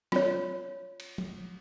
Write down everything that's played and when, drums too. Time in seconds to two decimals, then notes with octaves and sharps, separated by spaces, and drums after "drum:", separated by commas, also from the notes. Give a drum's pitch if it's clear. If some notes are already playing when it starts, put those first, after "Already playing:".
0.12 F4 C#5, drum: snare
1.00 drum: cymbal
1.18 drum: tom F3